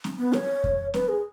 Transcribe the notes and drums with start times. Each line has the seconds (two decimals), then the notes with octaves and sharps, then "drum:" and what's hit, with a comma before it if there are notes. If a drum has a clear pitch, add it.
0.04 drum: snare C4
0.19 B3
0.33 C#5, drum: snare C4
0.64 drum: kick F2
0.94 B4, drum: snare C4
1.09 G#4